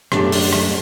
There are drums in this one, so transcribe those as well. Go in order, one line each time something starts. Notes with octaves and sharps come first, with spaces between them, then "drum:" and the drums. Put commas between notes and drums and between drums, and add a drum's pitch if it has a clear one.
F#2 F3 A3 D4 G4 A5, drum: rim click
drum: open hi-hat
drum: rim click